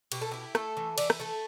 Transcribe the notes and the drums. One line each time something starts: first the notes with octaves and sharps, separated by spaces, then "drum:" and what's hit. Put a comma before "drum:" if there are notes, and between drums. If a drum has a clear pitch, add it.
B2 G4, drum: cymbal
A4
E4 G4
A3 A4, drum: rim click
E3
E3 D5, drum: cymbal
B4, drum: rim click
A3 A4